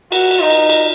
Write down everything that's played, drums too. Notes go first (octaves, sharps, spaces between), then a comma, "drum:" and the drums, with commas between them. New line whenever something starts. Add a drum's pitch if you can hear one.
F#4, drum: cymbal
drum: cymbal
D#4
drum: cymbal
drum: cymbal